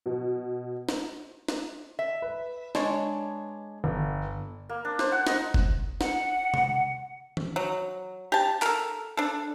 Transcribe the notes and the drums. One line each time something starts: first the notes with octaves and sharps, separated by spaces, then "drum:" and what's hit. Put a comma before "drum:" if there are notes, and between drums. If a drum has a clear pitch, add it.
B2
drum: snare
drum: snare
E5
B4
G#3 D4 C#5, drum: snare
G1
A#3
D4
C5, drum: snare
F#5
D#4, drum: snare
drum: kick F1
F#5, drum: snare
drum: tom C3
drum: tom
F#3
G4 A5
A4 A#4, drum: clap
D4 A4